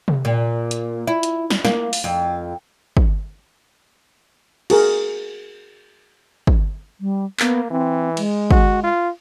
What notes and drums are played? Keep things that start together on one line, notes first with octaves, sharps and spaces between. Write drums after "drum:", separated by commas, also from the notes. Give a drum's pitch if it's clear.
drum: tom C3
A#2
drum: hi-hat
E4
drum: hi-hat
drum: snare
A#3, drum: snare
drum: open hi-hat
F2
drum: kick
F#4 G#4 A#4, drum: cymbal
drum: kick
G3
A#3 B3, drum: clap
E3 C4
G#3, drum: cymbal
F#4, drum: kick
F4